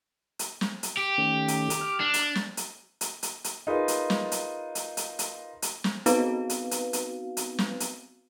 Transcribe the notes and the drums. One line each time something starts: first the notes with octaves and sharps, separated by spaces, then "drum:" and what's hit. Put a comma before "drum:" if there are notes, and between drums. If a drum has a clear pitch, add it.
drum: hi-hat
drum: snare
drum: hi-hat
G4
D#3 A3 C#4
drum: hi-hat
drum: hi-hat
D6 F6
D4
drum: hi-hat
drum: snare
drum: hi-hat
drum: hi-hat
drum: hi-hat
drum: hi-hat
D#4 F4 G#4 A#4 B4
drum: hi-hat
drum: snare
drum: hi-hat
drum: hi-hat
drum: hi-hat
drum: hi-hat
drum: hi-hat
drum: snare
B3 C4 D#4 F#4 B4 F5, drum: hi-hat
drum: hi-hat
drum: hi-hat
drum: hi-hat
drum: hi-hat
drum: snare
drum: hi-hat